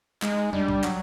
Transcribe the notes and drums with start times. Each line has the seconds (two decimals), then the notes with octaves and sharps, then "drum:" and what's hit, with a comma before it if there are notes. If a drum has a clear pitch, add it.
0.22 G#3 D#4, drum: clap
0.53 G3 D4, drum: tom E2
0.68 drum: kick A#1
0.84 F#3, drum: clap